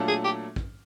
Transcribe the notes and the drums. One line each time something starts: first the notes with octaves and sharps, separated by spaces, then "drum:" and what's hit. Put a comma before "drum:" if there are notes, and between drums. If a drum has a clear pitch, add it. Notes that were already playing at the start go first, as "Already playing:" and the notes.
Already playing: A#2 F#3 A3 D4 F4
G#4
G4
drum: kick